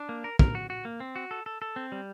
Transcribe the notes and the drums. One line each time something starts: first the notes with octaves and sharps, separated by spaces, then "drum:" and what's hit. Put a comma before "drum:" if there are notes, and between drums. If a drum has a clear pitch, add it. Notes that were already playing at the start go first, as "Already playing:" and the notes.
Already playing: D4
A#3
A#4
A#4, drum: kick
F#4
F#4
A#3
C4
F#4
A4
A4
A4
C4
G3